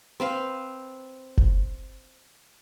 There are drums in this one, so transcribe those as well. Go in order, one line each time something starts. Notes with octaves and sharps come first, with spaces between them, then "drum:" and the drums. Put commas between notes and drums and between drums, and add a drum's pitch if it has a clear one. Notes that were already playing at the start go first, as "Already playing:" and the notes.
C4 B4 F5
drum: kick F#1